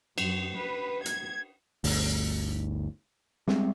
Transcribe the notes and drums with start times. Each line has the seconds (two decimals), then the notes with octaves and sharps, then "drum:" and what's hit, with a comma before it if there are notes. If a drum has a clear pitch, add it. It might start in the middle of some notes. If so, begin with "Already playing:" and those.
0.18 F#2, drum: cymbal
0.56 B4
1.06 G#6, drum: hi-hat
1.84 G1 D2, drum: open hi-hat
3.48 G3 G#3 C4, drum: snare